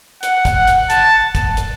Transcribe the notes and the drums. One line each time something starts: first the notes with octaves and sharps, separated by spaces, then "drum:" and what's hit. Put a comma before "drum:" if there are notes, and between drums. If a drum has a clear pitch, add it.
F#5, drum: hi-hat
drum: kick, hi-hat
F#5
drum: hi-hat
A5, drum: hi-hat
drum: kick, hi-hat
drum: hi-hat